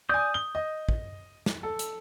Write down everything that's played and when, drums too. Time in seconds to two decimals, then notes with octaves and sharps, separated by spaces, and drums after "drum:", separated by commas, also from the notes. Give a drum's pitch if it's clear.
0.09 D5 G#5 D#6 G6
0.34 G7
0.55 D#5
0.89 drum: kick
1.46 drum: snare
1.63 A4
1.79 drum: hi-hat